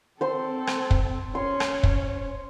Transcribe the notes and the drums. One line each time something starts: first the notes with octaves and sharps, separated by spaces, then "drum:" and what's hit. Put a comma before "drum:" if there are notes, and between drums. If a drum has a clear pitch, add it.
C4 A4 C5 C6
drum: rim click
drum: kick
C#4 C#5 C6
drum: rim click
drum: kick